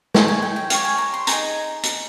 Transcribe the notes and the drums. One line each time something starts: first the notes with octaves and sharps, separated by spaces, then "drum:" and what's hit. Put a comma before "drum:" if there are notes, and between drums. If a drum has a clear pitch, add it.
D#4 G#4 C#5 A#5, drum: snare
G#5
G5
G5
G4 C#5 F5, drum: hi-hat
G#5
A#5
C6
D#4 G#4 D#5 A#5, drum: hi-hat
drum: hi-hat